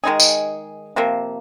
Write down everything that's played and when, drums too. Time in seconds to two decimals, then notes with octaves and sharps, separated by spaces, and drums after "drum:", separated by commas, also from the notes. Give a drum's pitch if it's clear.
0.04 D#3 G#3 D#4 G#4
0.20 drum: tambourine
0.96 C3 F3 A#3